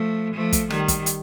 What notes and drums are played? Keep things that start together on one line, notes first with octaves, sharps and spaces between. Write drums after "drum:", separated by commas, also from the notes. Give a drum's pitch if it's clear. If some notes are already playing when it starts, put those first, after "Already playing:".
Already playing: F3 A3
F3 A3
drum: kick, hi-hat
D#3 G3, drum: rim click
drum: kick, hi-hat
drum: hi-hat